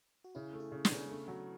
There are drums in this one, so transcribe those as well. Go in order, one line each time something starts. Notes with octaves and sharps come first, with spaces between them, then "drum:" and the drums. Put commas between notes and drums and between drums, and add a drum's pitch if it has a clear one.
F#4
C#3 C#4 E4
A3
E4 G#4
C#3
B3 D4, drum: snare
C#3
A3 C#4
F#3